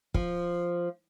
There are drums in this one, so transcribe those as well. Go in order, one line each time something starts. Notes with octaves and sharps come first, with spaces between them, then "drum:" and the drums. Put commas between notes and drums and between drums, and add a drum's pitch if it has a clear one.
F3, drum: kick